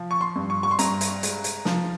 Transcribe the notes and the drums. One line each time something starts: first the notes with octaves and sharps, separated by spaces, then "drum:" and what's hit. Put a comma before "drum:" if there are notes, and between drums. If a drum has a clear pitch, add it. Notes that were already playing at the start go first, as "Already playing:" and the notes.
Already playing: F3
C#6
C6
G2
C#6
C#6
C6
G2 A#5, drum: hi-hat
drum: hi-hat
G#3, drum: hi-hat
drum: hi-hat
F3, drum: snare